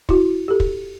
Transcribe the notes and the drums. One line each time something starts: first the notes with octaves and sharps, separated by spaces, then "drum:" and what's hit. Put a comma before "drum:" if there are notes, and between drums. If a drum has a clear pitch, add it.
E4 F#4, drum: kick
G4 A4
drum: kick